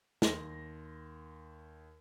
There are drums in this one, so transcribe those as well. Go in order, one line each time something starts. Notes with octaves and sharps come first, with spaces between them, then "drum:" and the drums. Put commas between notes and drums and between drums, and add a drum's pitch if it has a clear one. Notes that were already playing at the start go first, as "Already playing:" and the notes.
D#2 C6 A#6, drum: snare